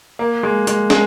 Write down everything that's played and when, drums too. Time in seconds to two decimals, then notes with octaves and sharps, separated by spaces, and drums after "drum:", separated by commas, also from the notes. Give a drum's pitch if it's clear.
0.19 A#3
0.43 G#3
0.67 G#3, drum: hi-hat
0.90 G#3, drum: snare